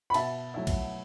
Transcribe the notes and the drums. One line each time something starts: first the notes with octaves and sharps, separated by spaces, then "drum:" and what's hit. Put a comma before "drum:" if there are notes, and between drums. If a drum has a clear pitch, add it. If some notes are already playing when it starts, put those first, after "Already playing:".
B5
B2 E5 A5, drum: cymbal
F#3 A3 E4
drum: kick A#1, cymbal